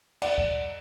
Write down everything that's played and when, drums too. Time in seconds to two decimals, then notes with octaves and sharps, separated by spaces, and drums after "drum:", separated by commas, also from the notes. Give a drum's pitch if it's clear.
0.22 D5 F#5, drum: cymbal
0.38 drum: kick C#2